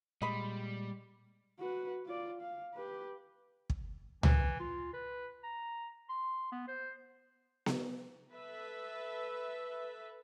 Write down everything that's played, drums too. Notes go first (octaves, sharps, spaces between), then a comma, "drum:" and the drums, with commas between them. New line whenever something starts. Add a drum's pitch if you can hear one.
A#2 G3 G#3 D#5 B5 C6
F#4 B4
F4 D5
F5
G4 B4
drum: kick
E3, drum: tom C#2
F4
B4
A#5
C6
B3
C5
drum: snare B3
A4 B4 E5